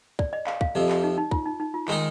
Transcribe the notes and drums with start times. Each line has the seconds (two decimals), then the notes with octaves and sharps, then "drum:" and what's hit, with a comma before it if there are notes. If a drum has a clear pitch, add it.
0.19 D5, drum: kick
0.33 D#5
0.47 F5, drum: clap
0.61 F5, drum: kick
0.75 F2 C3 F3 D#5
0.89 drum: clap
1.04 D#4
1.18 D#4
1.31 F4, drum: kick
1.46 D#4
1.60 D#4
1.74 F4
1.88 D#3 G#3 D#4 A#4, drum: clap